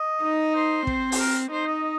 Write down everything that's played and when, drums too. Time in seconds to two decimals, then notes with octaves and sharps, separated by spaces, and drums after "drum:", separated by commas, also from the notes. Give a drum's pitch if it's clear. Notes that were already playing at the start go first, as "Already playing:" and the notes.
Already playing: D#5
0.23 D#4
0.55 C5
0.87 C4, drum: kick
1.12 C5, drum: open hi-hat
1.19 A#4
1.51 D#4 C5
1.67 D#5
1.83 D#5